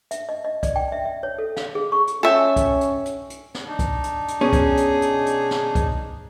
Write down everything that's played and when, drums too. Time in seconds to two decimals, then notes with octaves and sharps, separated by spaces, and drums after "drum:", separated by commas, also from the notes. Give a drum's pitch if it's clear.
0.11 E5, drum: hi-hat
0.29 D#5
0.45 D#5
0.63 D5, drum: kick C2, hi-hat
0.76 G5
0.92 E5
1.05 E5
1.23 C#5
1.38 A4
1.56 F5, drum: snare
1.75 G#4
1.92 C#6
2.07 drum: hi-hat
2.23 C#4 A4 E5 G5
2.56 drum: kick C2, hi-hat
2.81 drum: hi-hat
3.05 drum: hi-hat
3.30 drum: hi-hat
3.54 drum: snare
3.68 D4 D#4
3.79 drum: kick C2, hi-hat
4.04 drum: hi-hat
4.28 drum: hi-hat
4.41 B2 C#4 G#4
4.53 drum: kick C2, hi-hat
4.77 drum: hi-hat
5.02 drum: hi-hat
5.26 drum: hi-hat
5.51 drum: snare
5.75 drum: kick C2, hi-hat